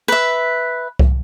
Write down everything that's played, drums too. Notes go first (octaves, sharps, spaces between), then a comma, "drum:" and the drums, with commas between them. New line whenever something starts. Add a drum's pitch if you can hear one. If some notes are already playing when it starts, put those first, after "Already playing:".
B4 E5
drum: kick C2